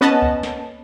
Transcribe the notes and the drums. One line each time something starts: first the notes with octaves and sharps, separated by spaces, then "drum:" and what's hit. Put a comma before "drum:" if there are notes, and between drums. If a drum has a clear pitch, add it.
B3 C#4 B4 D#5 A5
drum: kick C#2
drum: snare